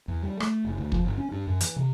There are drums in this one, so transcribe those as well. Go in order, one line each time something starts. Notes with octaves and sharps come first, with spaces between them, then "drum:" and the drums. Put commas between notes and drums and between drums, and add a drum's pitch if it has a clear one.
E2
G3
A3, drum: rim click
F#1
D2
F3, drum: kick
G1
C#4
G2
F#2
E3, drum: hi-hat
C3